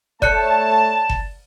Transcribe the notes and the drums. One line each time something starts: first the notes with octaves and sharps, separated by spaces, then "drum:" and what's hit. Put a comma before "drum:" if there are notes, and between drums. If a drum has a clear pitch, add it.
A3 C#5 D5 A5 F#6 C#7, drum: kick F#1
drum: kick F#1